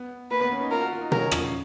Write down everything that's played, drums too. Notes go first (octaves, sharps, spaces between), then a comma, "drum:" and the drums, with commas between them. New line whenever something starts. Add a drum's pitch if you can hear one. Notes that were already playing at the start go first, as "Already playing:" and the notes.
Already playing: B3
A#3 B4
B3
C#4
D#4
F4 A#4
F#4
F4
D#4
C#4 A#4, drum: tom B2
C#4
F3, drum: rim click
C#3